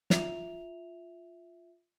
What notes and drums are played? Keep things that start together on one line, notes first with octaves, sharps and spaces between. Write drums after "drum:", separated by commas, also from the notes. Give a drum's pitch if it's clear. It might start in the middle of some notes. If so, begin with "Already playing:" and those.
F4 E5 F7, drum: snare